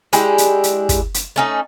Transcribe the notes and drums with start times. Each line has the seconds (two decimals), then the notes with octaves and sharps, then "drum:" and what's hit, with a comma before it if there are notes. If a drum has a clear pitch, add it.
0.13 G#3 D4 E4 G4, drum: hi-hat
0.38 drum: hi-hat
0.64 drum: hi-hat
0.89 drum: kick, hi-hat
1.14 drum: hi-hat
1.36 A3 C#4 D#4